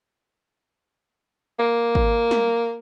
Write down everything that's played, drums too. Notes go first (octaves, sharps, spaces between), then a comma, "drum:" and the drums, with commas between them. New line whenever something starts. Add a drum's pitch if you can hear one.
A#3
drum: kick G#1
drum: snare